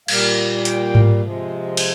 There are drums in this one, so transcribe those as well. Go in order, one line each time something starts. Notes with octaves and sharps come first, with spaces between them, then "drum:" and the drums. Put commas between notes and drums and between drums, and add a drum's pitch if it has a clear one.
A#2 G3 A#3 F5, drum: cymbal
G5, drum: hi-hat
drum: tom G#2
C3 F3 G#3
G#5, drum: cymbal